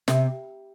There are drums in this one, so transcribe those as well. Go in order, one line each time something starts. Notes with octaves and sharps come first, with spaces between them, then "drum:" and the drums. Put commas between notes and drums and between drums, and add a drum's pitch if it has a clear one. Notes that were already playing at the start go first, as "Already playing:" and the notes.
C3, drum: snare